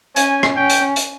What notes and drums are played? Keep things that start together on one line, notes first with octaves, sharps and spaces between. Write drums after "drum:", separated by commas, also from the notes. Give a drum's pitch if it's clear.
C#4 G#5, drum: hi-hat
drum: rim click
C#4 G5
drum: hi-hat
drum: hi-hat